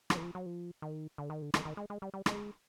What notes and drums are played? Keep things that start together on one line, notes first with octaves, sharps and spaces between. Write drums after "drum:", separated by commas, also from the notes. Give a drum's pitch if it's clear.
F#3, drum: rim click
E3
F3
F#3
F3
D#3
D3
D#3
D3
D#3, drum: rim click
D#3
G#3
G#3
G3
G3
G#3, drum: rim click